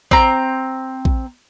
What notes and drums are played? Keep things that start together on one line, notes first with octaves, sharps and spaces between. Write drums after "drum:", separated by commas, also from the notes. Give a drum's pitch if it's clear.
C4 A#5, drum: kick A#1
drum: kick A#1